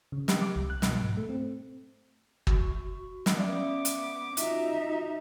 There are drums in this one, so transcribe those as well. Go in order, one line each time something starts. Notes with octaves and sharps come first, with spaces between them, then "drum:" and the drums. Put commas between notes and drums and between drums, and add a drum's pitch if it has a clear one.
C#3
G4, drum: snare
D6
C2
F#6
B2, drum: snare
G#2
A3
C4
F#4 C#6, drum: kick
drum: snare
B3 C#4 D5 E5 F5 D6 D#6
drum: hi-hat
D#4 F4 F#4 E5, drum: hi-hat